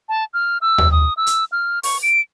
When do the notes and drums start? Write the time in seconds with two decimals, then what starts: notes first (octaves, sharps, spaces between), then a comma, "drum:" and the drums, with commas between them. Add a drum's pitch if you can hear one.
0.09 A5
0.34 F6
0.61 E6
0.78 drum: tom D#2
0.92 D#6
1.17 E6
1.27 drum: hi-hat
1.52 F6
1.83 C#6, drum: open hi-hat
2.03 D7